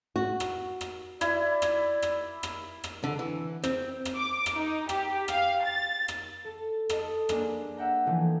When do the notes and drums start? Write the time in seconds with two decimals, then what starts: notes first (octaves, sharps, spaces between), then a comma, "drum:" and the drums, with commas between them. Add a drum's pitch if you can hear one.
0.16 F#4
0.40 drum: rim click
0.81 drum: rim click
1.21 E4 D5, drum: rim click
1.62 drum: rim click
2.02 drum: rim click
2.43 drum: rim click
2.84 drum: rim click
3.04 D3
3.19 E3
3.64 C4, drum: rim click
4.05 drum: rim click
4.17 D6
4.46 drum: rim click
4.55 D#4
4.89 G4, drum: rim click
5.28 F5, drum: rim click
5.64 A6
6.08 drum: rim click
6.45 A4
6.89 A4 D#5, drum: rim click
7.29 G#3 A#3 D4, drum: rim click
7.77 E5 F#5 G5 A#5
8.05 E3 F3 A3